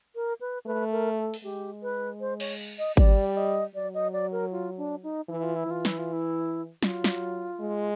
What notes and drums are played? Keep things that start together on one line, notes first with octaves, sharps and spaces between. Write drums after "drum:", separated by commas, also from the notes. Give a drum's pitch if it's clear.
A#4
B4
A3 B4
A#4
A4
drum: open hi-hat
G#3 G4
B4
C5
C#5, drum: cymbal
D#5
G3 D5, drum: kick G#1
D5
D#5
F#3 D5
D#5
D5
A#4
F4
D4
D#4
E3 E4
F4
E4
E3 F4
E4, drum: snare
F4
E4
F#3 F4, drum: snare
drum: snare
G#3